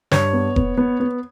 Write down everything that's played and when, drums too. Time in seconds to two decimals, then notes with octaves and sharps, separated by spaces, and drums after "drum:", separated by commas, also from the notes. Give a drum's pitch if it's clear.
0.11 G2 C#5, drum: snare
0.33 B3
0.56 B3, drum: kick E1
0.78 B3
1.00 B3